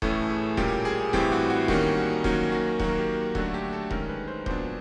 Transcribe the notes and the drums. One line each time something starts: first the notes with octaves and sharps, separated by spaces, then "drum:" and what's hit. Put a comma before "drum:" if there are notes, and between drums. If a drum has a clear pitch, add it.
A2 E3 A3 C#4 A4, drum: kick D#1
G#4
A#2 G3 A#3 C#4 G4, drum: kick D#1
G#4
A2 E3 G3 C4 G4, drum: kick D#1
F#4
F#4
D#3 G3 A#3 C#4 F#4, drum: kick D#1
F#4
D#3 F#3 A#3 C#4 F#4, drum: kick D#1
F#4
D#3 F#3 A#3 F#4, drum: kick D#1
G4
D3 F#3 A3 D4 F#4, drum: kick D#1
G4
A4
D#3 G#3 C#4 A#4, drum: kick D#1
B4
C5
A#2 F#3 B3 D4 C5, drum: kick D#1